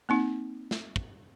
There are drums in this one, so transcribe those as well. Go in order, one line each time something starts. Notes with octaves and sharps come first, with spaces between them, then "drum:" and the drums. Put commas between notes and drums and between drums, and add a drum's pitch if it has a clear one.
A#3 C4 D#4
drum: snare
drum: kick